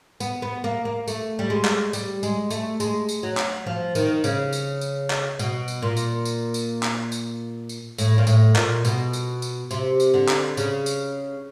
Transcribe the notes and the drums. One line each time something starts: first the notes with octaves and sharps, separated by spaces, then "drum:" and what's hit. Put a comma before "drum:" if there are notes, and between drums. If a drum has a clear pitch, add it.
B3, drum: tambourine
B3
A#3
A#3
A3, drum: tambourine
G3
G#3
drum: clap
G3, drum: tambourine
G#3, drum: tambourine
A3, drum: tambourine
G#3, drum: tambourine
drum: tambourine
F#3
drum: clap
F3
D#3, drum: tambourine
C#3, drum: tambourine
drum: tambourine
drum: tambourine
drum: clap
B2, drum: tambourine
drum: tambourine
A#2
drum: tambourine
drum: tambourine
drum: tambourine
drum: clap
drum: tambourine
drum: tambourine
A2, drum: tambourine
A#2
A2, drum: tambourine
A#2, drum: clap
B2, drum: tambourine
drum: tambourine
drum: tambourine
C3, drum: tambourine
drum: tambourine
D3
drum: clap
C#3, drum: tambourine
drum: tambourine